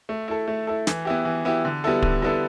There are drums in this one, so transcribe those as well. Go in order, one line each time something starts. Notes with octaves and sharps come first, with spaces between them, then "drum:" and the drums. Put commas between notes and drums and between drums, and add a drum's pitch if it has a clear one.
A3
E4 A4
A3
E4 A4
E3, drum: snare
B3 E4 G4
E3
B3 E4 G4
D3
G3 B3 E4 A4
D3, drum: kick
G3 B3 E4 A4